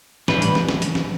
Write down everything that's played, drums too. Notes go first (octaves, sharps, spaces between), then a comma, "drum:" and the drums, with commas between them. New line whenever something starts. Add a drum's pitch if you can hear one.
A2 E3 G3 D4 B4, drum: snare
drum: hi-hat
drum: snare
drum: snare
drum: hi-hat
drum: snare